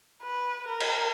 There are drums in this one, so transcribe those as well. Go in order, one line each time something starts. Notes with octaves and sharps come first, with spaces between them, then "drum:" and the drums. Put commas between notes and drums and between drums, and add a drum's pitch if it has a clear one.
B4
A#4
drum: cymbal